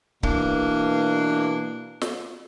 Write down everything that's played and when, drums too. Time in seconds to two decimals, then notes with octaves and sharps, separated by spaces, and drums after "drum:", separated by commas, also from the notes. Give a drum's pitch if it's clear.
0.23 B2 E3 A#3 D4, drum: kick C#1
2.01 drum: snare